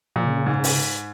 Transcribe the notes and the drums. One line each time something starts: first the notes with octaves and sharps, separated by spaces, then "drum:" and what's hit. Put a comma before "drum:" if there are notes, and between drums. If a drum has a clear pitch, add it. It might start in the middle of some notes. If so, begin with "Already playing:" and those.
A#2 F3
C#3
C#3
G#2
drum: open hi-hat